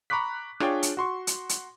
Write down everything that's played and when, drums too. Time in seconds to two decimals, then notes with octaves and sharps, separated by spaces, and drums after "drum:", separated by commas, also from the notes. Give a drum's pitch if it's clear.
0.10 A#5 B5 C#6 D6 F#6 B6
0.60 D4 F4 G#4 C#5 D5 G5, drum: rim click
0.83 drum: hi-hat
0.97 F#4 C6 C#6
1.27 drum: hi-hat
1.49 drum: hi-hat